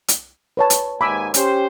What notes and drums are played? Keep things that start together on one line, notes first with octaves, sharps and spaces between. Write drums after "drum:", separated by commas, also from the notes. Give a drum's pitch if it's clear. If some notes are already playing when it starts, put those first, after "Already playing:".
drum: hi-hat
B4 C#5 A5
drum: hi-hat
D#2 G#2 G#5 B5 D6 E6
C#4 G4 C5, drum: hi-hat